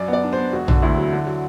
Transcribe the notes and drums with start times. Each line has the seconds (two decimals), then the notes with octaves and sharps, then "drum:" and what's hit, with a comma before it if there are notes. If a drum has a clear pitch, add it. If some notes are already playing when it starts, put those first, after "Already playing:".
Already playing: F#2 D5
0.08 B3
0.13 D5
0.24 D4
0.33 B3 C5
0.53 E1 F#4
0.68 D3, drum: tom A#1
0.82 D2 E4
0.98 F#3
1.12 D3
1.27 F#3